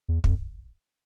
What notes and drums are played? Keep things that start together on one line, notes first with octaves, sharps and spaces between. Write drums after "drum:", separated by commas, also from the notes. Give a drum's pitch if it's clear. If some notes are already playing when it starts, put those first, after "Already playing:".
E2
F2, drum: kick